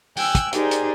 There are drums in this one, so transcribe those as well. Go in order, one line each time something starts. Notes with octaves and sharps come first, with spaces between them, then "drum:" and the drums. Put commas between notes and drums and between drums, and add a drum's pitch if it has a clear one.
G5 G#5 E6 F#6, drum: open hi-hat
drum: kick, hi-hat
D#4 G4 G#4 A#4 C5 D5, drum: hi-hat
drum: hi-hat